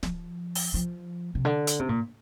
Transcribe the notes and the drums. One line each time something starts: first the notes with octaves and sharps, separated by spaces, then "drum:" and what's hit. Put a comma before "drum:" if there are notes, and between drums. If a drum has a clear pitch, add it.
F3, drum: snare D1
drum: open hi-hat
F3
C3
D3
drum: hi-hat
C3
A#2